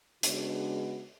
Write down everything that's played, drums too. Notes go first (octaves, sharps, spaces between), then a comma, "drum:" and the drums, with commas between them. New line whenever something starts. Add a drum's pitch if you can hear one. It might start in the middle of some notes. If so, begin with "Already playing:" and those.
C#3 G#3 B3 D4 F#4, drum: hi-hat